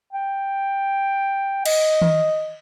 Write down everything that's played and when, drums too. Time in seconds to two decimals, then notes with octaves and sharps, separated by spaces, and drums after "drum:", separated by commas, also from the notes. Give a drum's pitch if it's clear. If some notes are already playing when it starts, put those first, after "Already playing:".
0.13 G5
1.66 D#5, drum: cymbal
2.02 drum: tom D#3